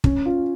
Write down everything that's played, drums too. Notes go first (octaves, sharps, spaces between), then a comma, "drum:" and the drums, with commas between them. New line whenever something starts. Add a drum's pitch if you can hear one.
C#4, drum: kick
F4